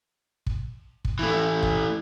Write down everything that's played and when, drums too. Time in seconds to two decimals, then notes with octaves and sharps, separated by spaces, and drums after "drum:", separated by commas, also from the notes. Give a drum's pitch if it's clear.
0.46 drum: kick
1.05 drum: kick
1.19 E3 A3
1.63 drum: kick